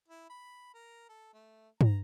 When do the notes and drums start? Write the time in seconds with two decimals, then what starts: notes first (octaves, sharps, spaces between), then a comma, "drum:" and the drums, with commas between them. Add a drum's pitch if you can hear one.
0.08 E4
0.30 B5
0.74 A#4
1.09 A4
1.33 A3
1.81 A#5, drum: tom G2